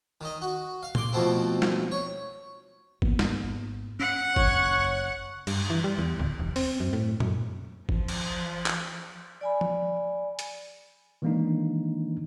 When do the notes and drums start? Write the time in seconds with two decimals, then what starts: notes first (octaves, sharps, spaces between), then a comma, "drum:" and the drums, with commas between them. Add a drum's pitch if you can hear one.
0.21 D#3 D#5
0.42 F#4
0.83 F5
0.95 C6 D6, drum: tom A#2
1.13 F2 B2 F3 A3 C4 E4
1.62 drum: snare
1.92 C#5
3.02 G#2 A#3 B3, drum: kick G#1
3.19 drum: snare
3.99 C#4 F#5
4.36 F#1 C#5, drum: kick G#1
5.47 G2, drum: cymbal
5.70 E3
5.84 G3
5.98 E2
6.19 D1
6.40 E1
6.56 C4, drum: open hi-hat
6.80 F#2
6.93 A2
7.20 F#2, drum: tom A#2
7.89 F3, drum: kick G#1
8.08 drum: cymbal
8.66 drum: clap
9.41 D5 G#5 B5
9.61 drum: tom F3
10.39 drum: hi-hat
11.22 D#3 E3 G#3 A#3 D4 D#4